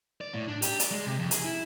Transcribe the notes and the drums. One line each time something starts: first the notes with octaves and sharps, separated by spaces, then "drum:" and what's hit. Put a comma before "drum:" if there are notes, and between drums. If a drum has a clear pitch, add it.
D5
A2
D4
G4, drum: hi-hat
D5, drum: hi-hat
G#3
C3
F2
G#4, drum: hi-hat
E4